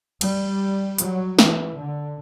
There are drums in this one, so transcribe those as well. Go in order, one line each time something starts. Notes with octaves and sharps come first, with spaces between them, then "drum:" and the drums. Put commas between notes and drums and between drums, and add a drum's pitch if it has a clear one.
G3, drum: cymbal
F#3, drum: hi-hat
E3, drum: snare
D3